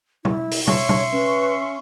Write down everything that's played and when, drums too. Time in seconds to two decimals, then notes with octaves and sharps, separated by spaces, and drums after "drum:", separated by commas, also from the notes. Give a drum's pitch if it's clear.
0.25 E4, drum: tom
0.51 drum: open hi-hat
0.67 C#5 E5 C6 C#6, drum: tom
0.89 drum: tom
1.12 C#4 B4